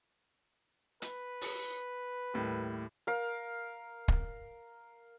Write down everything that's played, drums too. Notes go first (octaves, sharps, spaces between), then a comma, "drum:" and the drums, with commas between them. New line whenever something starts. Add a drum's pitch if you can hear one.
B4, drum: hi-hat
drum: open hi-hat
D#2 A2 G3
A#4 F5
drum: kick